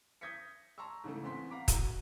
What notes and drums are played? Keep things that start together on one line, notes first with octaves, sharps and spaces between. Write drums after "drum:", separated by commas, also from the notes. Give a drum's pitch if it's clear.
D#6 G6 G#6 A#6 B6 C#7
A5 A#5 C6 C#6 E6
G#2 C#3 E3 A3
E2 A2 B3 C4 C6 B6
F5 F#5 A#5 B5 D6 B6
F#4, drum: kick, hi-hat